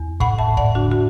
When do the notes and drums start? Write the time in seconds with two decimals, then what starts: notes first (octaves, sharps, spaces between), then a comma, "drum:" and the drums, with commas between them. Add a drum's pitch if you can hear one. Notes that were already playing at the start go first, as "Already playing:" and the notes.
Already playing: E2
0.20 A2 F#5 B5, drum: kick
0.38 E5 A5
0.48 A2
0.57 D5 F#5, drum: kick
0.75 D3 D4 F#4
0.91 F#4